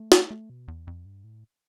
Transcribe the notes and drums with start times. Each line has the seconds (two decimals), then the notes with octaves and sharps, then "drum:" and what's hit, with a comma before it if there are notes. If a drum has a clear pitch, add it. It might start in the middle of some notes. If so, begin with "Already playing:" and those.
Already playing: A3
0.12 drum: snare
0.31 A3
0.50 B2
0.68 E2
0.87 F2
1.05 G2
1.24 A2